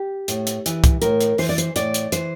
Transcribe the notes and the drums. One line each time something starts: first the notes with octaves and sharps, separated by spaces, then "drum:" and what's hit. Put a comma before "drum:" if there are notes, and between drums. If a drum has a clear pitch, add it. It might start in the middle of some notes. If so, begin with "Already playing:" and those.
Already playing: G4
A2, drum: hi-hat
drum: hi-hat
E3, drum: hi-hat
drum: kick C2, hi-hat
A2 A#4, drum: hi-hat
drum: hi-hat
E3 C5, drum: open hi-hat
D5
C5, drum: hi-hat
A2 D5, drum: hi-hat
drum: hi-hat
E3 C5, drum: hi-hat